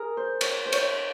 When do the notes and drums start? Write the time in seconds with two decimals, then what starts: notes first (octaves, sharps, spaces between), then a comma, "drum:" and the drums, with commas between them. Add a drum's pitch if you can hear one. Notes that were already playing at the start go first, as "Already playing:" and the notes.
Already playing: G#4 A#4
0.17 C5
0.41 C#5, drum: cymbal
0.66 C5
0.72 C#5, drum: cymbal